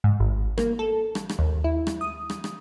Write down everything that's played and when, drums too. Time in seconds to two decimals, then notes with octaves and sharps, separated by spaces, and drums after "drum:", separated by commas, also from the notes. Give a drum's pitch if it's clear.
0.04 G#2
0.20 G#1
0.58 A#3, drum: rim click
0.79 A4
1.15 drum: rim click
1.29 drum: rim click
1.39 D#2
1.64 E4
1.87 drum: rim click
2.01 D#6
2.30 drum: rim click
2.44 drum: rim click